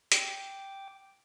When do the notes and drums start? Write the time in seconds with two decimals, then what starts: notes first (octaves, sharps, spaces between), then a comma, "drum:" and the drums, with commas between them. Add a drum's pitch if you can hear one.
0.12 G5 D6, drum: hi-hat